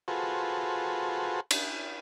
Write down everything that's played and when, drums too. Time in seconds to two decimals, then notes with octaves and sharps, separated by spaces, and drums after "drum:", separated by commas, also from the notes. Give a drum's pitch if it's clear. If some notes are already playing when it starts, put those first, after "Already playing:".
0.08 F4 F#4 G#4 A4 B4 C5
1.51 drum: cymbal